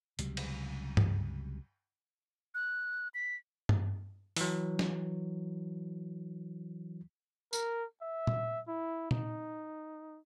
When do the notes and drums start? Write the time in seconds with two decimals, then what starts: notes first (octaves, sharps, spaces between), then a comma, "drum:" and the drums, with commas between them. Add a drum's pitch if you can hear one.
0.19 C#2 C3 F#3 G3, drum: hi-hat
0.37 drum: cymbal
0.97 drum: tom G2
2.55 F#6
3.14 B6
3.69 drum: tom G2
4.37 E3 F#3, drum: open hi-hat
4.79 drum: snare
7.53 A#4, drum: tambourine
8.02 E5
8.27 drum: tom A#2
8.68 E4
9.11 D#4, drum: tom A#2